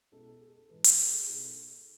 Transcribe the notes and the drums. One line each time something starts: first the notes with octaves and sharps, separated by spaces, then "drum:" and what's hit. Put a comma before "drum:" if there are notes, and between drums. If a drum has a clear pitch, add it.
B2 G#3 C#4 E4 A4
A4
G#4
A4
G#2 E3 G#3 B4
B4, drum: hi-hat
A4
G#4
B2 G#3 D#4 G#4
A4